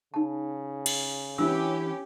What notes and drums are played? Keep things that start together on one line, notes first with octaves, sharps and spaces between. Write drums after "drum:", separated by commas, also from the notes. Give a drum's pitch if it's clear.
C#3 D#4 A5
drum: cymbal
E3 B3 C#4 D4 E4 F4 G4 E6